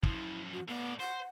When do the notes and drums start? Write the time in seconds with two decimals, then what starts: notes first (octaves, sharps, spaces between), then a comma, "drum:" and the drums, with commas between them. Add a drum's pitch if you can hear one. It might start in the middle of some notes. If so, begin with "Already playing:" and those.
0.03 F#2 F3 E4, drum: kick
0.52 F#4
0.68 A2 B3 D5
1.00 C5 F#5